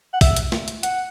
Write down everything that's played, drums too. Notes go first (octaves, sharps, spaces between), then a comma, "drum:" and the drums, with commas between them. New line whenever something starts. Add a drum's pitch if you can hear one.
F#5
E5, drum: kick, open hi-hat
drum: hi-hat
drum: snare
drum: hi-hat
F#5, drum: hi-hat